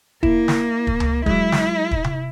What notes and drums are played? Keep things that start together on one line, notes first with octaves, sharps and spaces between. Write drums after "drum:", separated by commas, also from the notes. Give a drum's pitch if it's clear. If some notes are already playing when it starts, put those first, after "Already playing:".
A#3 E4, drum: kick
drum: snare
drum: kick
drum: tom C#2
F#3 G#3 E4, drum: kick
drum: snare
drum: kick
drum: tom C3